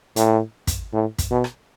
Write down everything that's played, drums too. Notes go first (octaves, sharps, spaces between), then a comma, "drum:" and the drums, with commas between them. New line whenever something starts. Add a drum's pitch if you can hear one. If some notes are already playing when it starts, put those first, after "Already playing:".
A2, drum: hi-hat
drum: kick, hi-hat
A2
drum: kick, hi-hat
B2
drum: rim click